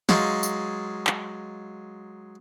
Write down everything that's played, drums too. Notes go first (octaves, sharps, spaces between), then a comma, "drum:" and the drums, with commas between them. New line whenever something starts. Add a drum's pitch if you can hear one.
F#3 G#3 D#4 F4, drum: snare
drum: tambourine
drum: clap